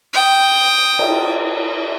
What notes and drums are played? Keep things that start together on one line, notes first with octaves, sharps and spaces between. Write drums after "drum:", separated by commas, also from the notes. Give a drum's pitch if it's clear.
G5 D#6
drum: cymbal